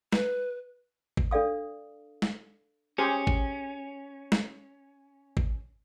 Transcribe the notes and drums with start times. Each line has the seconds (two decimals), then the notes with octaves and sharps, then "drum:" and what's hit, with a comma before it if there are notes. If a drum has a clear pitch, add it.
0.13 B4, drum: snare
1.17 drum: kick G#1
1.31 D4 A4 D5 F5 D#6
2.22 drum: snare
2.98 C#4 G4 G#4 C5
3.27 drum: kick G#1
4.32 drum: snare
5.37 drum: kick G#1